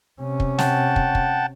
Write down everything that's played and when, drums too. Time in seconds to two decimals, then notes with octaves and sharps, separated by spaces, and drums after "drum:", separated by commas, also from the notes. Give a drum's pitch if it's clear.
0.20 C3 C#4
0.40 drum: kick
0.58 F#5 G5 A5, drum: snare
0.96 drum: kick
1.15 drum: kick